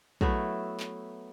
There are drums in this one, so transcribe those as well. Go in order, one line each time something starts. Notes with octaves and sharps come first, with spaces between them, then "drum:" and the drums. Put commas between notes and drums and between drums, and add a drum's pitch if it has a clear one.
F#3 A3 B3 E4, drum: kick
drum: clap